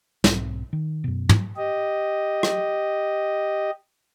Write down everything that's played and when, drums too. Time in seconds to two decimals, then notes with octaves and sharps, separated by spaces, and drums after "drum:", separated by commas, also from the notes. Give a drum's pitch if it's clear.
0.24 B1 G#2 C4, drum: snare
0.73 D#3
1.04 F#2 B2
1.29 drum: tom
1.57 G4 D#5
2.43 drum: rim click